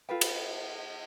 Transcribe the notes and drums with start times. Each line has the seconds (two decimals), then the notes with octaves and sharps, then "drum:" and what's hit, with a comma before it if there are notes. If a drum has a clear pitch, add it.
0.09 F4 A4 B4 G5
0.21 drum: cymbal